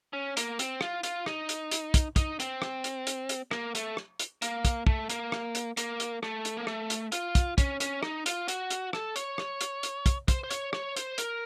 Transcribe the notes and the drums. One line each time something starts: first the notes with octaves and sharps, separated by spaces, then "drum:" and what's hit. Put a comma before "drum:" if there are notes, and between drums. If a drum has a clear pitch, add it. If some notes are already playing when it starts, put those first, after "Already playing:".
C#4
A#3, drum: hi-hat
C4, drum: hi-hat
F4, drum: rim click
F4, drum: hi-hat
D#4, drum: rim click
drum: hi-hat
drum: hi-hat
drum: kick, hi-hat
D#4, drum: kick, hi-hat
C4, drum: hi-hat
drum: rim click
drum: hi-hat
drum: hi-hat
drum: hi-hat
A#3, drum: rim click
A3, drum: hi-hat
drum: rim click
drum: hi-hat
A#3, drum: hi-hat
drum: kick, hi-hat
A3, drum: kick
A#3, drum: hi-hat
drum: rim click
drum: hi-hat
A#3, drum: hi-hat
drum: hi-hat
A3, drum: rim click
drum: hi-hat
A#3
A3, drum: rim click
drum: hi-hat
F4, drum: hi-hat
drum: kick, hi-hat
C#4, drum: kick, hi-hat
C#4, drum: hi-hat
D#4, drum: rim click
F4, drum: hi-hat
F#4, drum: hi-hat
drum: hi-hat
A4, drum: rim click
C#5, drum: hi-hat
drum: rim click
drum: hi-hat
drum: hi-hat
drum: kick, hi-hat
C5, drum: kick, hi-hat
C5
C#5, drum: hi-hat
C#5, drum: rim click
C5, drum: hi-hat
A#4, drum: hi-hat